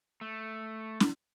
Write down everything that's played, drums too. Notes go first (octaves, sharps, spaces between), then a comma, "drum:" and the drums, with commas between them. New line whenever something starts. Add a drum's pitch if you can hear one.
A3
drum: snare